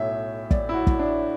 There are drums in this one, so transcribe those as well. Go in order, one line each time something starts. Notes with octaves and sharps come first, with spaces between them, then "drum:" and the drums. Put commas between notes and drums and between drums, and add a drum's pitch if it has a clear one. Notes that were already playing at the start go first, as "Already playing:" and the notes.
Already playing: B1 A2 F#3 E5
D5, drum: kick
E4
F#4
drum: kick
D4